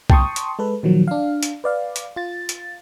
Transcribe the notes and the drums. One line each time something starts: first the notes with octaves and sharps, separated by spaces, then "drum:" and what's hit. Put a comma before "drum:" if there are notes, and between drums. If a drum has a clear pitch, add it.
G5 A5 C6 C#6 D#6, drum: kick
drum: hi-hat
G#3 A4 B4
A#2 D#3 F3 F#3
D4 F5
drum: hi-hat
B4 D5 F5
drum: hi-hat
F4 A6
drum: hi-hat